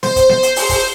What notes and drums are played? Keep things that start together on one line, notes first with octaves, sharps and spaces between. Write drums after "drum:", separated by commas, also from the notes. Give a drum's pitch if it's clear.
C5, drum: snare B3
drum: kick, hi-hat
drum: snare B3
drum: hi-hat
drum: open hi-hat
drum: kick, open hi-hat